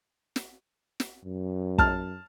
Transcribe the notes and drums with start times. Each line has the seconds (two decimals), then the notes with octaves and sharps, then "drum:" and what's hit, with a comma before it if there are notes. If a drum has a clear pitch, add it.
0.36 drum: snare
1.00 drum: snare
1.25 F#2
1.78 A5 F6, drum: kick